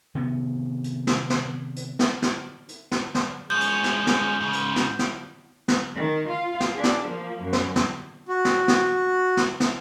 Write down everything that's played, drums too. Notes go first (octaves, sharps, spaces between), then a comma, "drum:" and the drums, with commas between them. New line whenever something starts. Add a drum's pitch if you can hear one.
C3 D#3 B3
drum: hi-hat
drum: snare
drum: snare
drum: hi-hat
drum: snare
drum: snare
drum: hi-hat
drum: snare
drum: snare
F3 G#3 C#4 G6
drum: hi-hat
drum: snare
drum: snare
G#2 C#3
drum: hi-hat
drum: snare
drum: snare
drum: snare
D#3
F4 F5
drum: snare
D4 G#4
drum: snare
F3 A#3
F#2
drum: snare
drum: snare
F#4
drum: snare
drum: snare
drum: snare
drum: snare